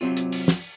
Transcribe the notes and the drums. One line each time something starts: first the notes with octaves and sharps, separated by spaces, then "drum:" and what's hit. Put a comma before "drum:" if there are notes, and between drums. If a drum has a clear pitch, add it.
C3 F#3 C4 F4
drum: hi-hat
drum: open hi-hat
drum: snare